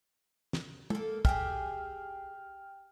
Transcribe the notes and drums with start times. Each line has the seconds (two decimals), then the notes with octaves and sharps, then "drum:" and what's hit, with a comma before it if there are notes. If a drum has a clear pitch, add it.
0.53 drum: snare
0.90 A#3 A4, drum: tom
1.25 G4 G#4 E5 G5 F6, drum: kick